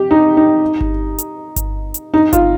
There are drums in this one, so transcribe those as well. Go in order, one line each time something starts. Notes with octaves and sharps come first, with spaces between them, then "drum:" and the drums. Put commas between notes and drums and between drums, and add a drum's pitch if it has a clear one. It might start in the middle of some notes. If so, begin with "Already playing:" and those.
Already playing: G4
D#4
D#4
drum: kick G1
drum: hi-hat
drum: kick G1, hi-hat
drum: hi-hat
D#4
F4, drum: kick G1, hi-hat